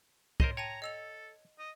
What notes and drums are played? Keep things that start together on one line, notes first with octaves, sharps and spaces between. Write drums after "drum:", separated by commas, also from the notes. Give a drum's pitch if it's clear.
A#4 C5 C#5 D#5 C6 F7, drum: kick
C#5 G5 A5 A#5 D#7
A4 D#5 E6 F7
D#5